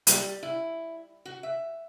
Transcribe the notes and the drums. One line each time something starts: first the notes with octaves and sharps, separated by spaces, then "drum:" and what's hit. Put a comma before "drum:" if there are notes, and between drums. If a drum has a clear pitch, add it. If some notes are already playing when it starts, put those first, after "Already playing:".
G3, drum: hi-hat
E4
F#4
E5